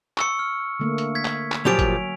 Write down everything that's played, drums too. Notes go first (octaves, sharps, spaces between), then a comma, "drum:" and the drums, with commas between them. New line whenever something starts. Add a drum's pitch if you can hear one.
C#6 E6 C#7, drum: clap
F6
D3 A3 A#3
drum: hi-hat
G#6 B6
drum: clap
drum: clap
A#2 F3 F#3 G4 G#5 D7 F7
drum: kick, hi-hat